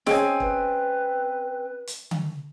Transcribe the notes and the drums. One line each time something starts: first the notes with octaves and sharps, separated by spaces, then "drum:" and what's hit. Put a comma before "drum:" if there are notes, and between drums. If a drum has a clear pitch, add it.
C4 C#4 G#4 D#5 G#5, drum: snare
B4, drum: kick
drum: hi-hat
drum: tom D3